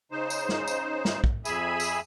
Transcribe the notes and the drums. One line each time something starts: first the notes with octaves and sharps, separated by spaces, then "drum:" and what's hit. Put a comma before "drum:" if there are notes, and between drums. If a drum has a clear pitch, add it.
C#3 D#4 C5
drum: tambourine
drum: snare
drum: tambourine
drum: snare
drum: kick
F2 G#4 E5 G#5 B5, drum: tambourine
drum: tambourine